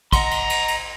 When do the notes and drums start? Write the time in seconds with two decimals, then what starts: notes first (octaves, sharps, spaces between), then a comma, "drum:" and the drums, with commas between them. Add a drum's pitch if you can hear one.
0.13 D#5 F#5 A#5 C6, drum: kick, cymbal
0.31 drum: cymbal
0.50 drum: cymbal
0.68 drum: cymbal